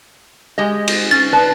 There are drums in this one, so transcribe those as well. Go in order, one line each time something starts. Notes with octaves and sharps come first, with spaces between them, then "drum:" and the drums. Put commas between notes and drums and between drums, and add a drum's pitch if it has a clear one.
G#3 G4 D#5
drum: cymbal
C#4 A6
B4 D5 A5